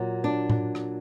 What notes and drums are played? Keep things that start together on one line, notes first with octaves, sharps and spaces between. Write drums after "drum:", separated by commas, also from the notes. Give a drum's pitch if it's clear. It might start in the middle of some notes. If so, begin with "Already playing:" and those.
Already playing: A#2 F#3
D4
drum: tom A2
drum: rim click